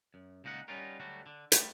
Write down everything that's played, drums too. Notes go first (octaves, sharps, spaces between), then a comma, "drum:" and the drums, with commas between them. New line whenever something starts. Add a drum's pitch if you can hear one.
F#2
C#2 A#2 D#4 A#4 F#5
G3 C#4 D#4 F4 F#4 A#4
D2 F#3 G3 A3 F#4
D3
G3 A3 B3 C4, drum: hi-hat